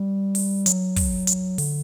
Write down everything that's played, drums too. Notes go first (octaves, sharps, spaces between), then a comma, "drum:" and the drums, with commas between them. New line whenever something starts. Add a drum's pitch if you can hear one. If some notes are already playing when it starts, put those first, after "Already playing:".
Already playing: G3
drum: open hi-hat
F#3, drum: hi-hat
drum: kick, open hi-hat
drum: hi-hat
D3, drum: open hi-hat